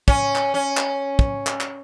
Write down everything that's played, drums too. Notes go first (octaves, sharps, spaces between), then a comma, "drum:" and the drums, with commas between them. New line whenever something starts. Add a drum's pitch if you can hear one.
C#4, drum: kick
drum: clap
C#4
drum: clap
drum: kick
drum: clap
drum: clap